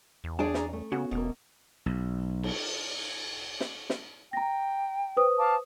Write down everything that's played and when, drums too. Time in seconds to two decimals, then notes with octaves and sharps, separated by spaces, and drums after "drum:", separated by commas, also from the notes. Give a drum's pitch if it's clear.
0.24 E2
0.39 D4 G#4 C#5 D5 G5 A5
0.54 C#4 A#5, drum: snare
0.73 A3
0.92 C#3 B3 C#4 F#4
1.11 E1 B2 A#3
1.86 B1
2.43 drum: cymbal
3.60 drum: snare
3.90 drum: snare
4.33 G5 A#5 A#6
5.17 B4 C5 D#6
5.37 F5 A5 D6